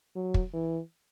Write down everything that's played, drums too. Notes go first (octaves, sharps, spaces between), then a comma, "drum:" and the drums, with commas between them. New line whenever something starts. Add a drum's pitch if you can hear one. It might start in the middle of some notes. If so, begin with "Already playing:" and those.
F#3
drum: kick
E3